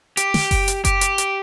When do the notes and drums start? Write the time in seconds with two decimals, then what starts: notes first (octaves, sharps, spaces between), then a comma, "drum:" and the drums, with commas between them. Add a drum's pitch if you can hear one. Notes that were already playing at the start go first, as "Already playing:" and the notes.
0.17 G4, drum: hi-hat
0.34 drum: snare
0.51 drum: kick F#1, open hi-hat
0.68 drum: hi-hat
0.85 G4, drum: kick F#1, hi-hat
1.01 drum: hi-hat
1.18 drum: hi-hat